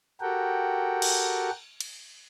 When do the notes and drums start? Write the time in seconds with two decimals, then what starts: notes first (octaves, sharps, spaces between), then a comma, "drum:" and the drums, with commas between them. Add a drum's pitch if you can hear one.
0.21 F#4 G4 A4 A#4 F#5 G5
1.02 drum: cymbal
1.81 drum: cymbal